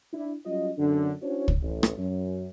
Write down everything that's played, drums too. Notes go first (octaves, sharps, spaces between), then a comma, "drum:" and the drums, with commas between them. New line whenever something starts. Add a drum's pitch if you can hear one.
D4 E4
F#3 G3 C#4 F4 D#5
F#2 D3 D4
C#4 D4 E4 F#4 C5 C#5
drum: kick
A1
drum: rim click
F#2